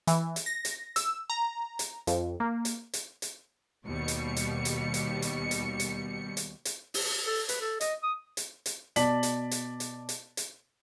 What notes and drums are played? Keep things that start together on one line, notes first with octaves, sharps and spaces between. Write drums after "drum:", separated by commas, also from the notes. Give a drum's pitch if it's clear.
E3, drum: hi-hat
drum: hi-hat
A#6
drum: hi-hat
E6, drum: hi-hat
A#5
drum: hi-hat
F2, drum: hi-hat
A#3
drum: hi-hat
drum: hi-hat
drum: hi-hat
D#2 B2 G3 C#7
drum: hi-hat
drum: hi-hat
drum: hi-hat
drum: hi-hat
drum: hi-hat
drum: hi-hat
drum: hi-hat
drum: hi-hat
drum: hi-hat
drum: open hi-hat
A4
B4, drum: hi-hat
A4
D#5, drum: hi-hat
D#6
drum: hi-hat
drum: hi-hat
B2 D5 A5 B6 F#7, drum: hi-hat
drum: hi-hat
drum: hi-hat
drum: hi-hat
drum: hi-hat
drum: hi-hat